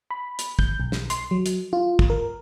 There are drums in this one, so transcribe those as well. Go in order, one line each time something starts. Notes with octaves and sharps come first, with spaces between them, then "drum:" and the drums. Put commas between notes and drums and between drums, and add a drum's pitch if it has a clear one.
B5
drum: hi-hat
G6, drum: kick
B1
drum: snare
C6, drum: hi-hat
F#3
drum: hi-hat
F4
drum: kick
A#4